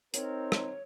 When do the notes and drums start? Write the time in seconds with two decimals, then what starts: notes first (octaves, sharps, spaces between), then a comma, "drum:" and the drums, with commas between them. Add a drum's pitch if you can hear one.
0.14 C4 D#4 A#4 C#5, drum: hi-hat
0.52 drum: rim click